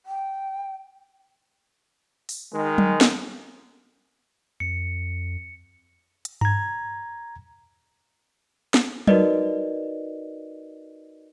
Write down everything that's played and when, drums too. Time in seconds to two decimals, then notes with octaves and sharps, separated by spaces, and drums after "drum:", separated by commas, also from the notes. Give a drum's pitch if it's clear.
0.06 G5
2.29 drum: open hi-hat
2.53 D#3 G#3
2.78 drum: tom F#3
3.01 drum: snare
4.60 F2 C#7
6.25 drum: hi-hat
6.41 A#5 G#6, drum: tom G2
8.74 drum: snare
9.07 D#4 F#4 A#4 B4 D5 D#5, drum: tom F#3